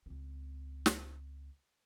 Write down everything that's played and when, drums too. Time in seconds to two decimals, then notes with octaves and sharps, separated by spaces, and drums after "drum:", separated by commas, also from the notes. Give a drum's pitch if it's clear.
0.06 C#2 C4
0.86 drum: snare